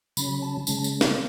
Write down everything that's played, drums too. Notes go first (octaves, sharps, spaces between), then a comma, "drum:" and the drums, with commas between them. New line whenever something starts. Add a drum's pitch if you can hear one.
C#3 F#3 C#4 B5, drum: tambourine
A5
C#3 G#3 C#4 A5, drum: tambourine
drum: tambourine
drum: snare